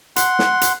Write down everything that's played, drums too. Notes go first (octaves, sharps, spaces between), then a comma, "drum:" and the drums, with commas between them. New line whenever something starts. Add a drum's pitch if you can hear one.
F#5 C6, drum: hi-hat
drum: snare
drum: hi-hat